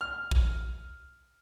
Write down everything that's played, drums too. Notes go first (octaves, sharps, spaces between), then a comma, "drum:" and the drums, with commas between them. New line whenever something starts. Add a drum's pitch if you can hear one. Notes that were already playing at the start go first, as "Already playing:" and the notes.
F6
drum: kick